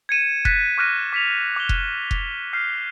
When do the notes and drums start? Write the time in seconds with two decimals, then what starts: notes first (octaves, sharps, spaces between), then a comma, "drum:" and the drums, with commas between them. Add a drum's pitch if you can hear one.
0.09 G#6 C#7 D#7 E7
0.45 F#6 A6 B6, drum: kick F1
0.78 C#6 D6 F6 F#6 A#6 D#7
1.13 D6 B6 C#7 F7
1.56 D6 F7 G7
1.69 drum: kick F1
2.11 drum: kick F1
2.53 F6 G6 C7